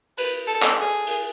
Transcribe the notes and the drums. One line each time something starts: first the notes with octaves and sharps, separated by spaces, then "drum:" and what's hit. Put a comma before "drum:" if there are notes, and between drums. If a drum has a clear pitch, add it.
B4, drum: cymbal
A4
drum: clap
G#4
drum: cymbal